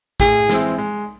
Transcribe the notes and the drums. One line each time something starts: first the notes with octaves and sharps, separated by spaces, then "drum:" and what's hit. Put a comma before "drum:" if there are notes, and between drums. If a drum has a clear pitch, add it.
A2 G#4, drum: kick
E3 G#3 C4 E4, drum: snare
G#3